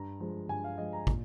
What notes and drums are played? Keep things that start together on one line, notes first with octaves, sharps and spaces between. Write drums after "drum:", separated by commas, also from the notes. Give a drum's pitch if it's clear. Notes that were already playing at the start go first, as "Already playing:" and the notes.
Already playing: G2 A#5
F3 G#3
G2 G#5
F5
F3 G#3 D#5
A#5
A#2, drum: kick